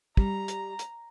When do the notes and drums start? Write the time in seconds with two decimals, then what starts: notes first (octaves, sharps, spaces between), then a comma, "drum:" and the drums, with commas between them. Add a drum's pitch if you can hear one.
0.17 G3 A#5, drum: kick
0.48 drum: hi-hat
0.79 drum: hi-hat